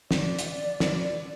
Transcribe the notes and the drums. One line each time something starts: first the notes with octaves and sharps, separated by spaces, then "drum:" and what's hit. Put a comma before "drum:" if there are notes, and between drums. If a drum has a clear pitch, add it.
D5, drum: snare
drum: hi-hat
drum: snare